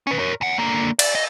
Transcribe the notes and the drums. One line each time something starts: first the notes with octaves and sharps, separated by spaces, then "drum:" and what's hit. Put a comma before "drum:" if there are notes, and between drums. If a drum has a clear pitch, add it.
C#4 B4
A#4 C#5
E2 F#5
D3 A#3
D5, drum: cymbal
D#5